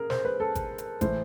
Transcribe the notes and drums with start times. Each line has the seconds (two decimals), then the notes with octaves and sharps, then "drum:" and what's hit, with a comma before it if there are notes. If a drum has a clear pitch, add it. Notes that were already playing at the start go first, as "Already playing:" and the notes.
Already playing: A#2 G#4 A#4
0.10 C5, drum: snare
0.25 B4
0.40 A4
0.55 drum: kick G#1, hi-hat
0.78 drum: hi-hat
1.01 A2 E3 C5, drum: kick G#1, hi-hat